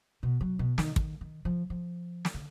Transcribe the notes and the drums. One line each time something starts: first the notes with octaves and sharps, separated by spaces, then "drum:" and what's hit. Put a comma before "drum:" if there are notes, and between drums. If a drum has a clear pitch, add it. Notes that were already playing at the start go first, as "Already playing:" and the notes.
B2
F#3
B2
D#3, drum: snare
D#3, drum: kick
D#3
F3
F3
drum: snare
D3